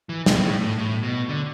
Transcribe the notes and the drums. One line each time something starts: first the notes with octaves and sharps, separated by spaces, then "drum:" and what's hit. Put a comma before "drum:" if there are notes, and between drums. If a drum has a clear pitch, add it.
E3
B2, drum: snare
A2
A2
A2
B2
D3